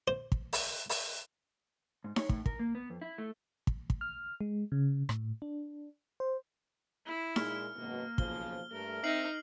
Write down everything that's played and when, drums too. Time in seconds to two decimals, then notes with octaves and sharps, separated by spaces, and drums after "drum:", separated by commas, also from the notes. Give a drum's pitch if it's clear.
0.08 C5
0.32 drum: kick
0.53 drum: open hi-hat
0.89 drum: open hi-hat
2.04 G#2
2.16 C#5, drum: snare D#4
2.29 A2, drum: kick
2.46 A#4, drum: kick
2.59 A#3
2.75 B3
2.90 F2
3.01 E4
3.18 A3
3.67 drum: kick
3.90 drum: kick
4.01 F6
4.41 G#3
4.72 C#3
5.09 A2, drum: rim click
5.42 D4
6.20 C5
7.06 E4
7.36 A#2 G#3 F6, drum: snare D#4
7.76 G#1 F#2 B2 A#3
8.18 B1 C#3 F3 G7, drum: kick
8.72 G2 A3 A#4
9.04 C4 D#4 C5 E5 F6 C7 F#7